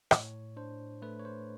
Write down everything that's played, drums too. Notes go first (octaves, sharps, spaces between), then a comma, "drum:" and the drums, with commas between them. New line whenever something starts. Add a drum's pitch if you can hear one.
A2 C#5, drum: rim click
D4 C5
A3 B4
C#5
C5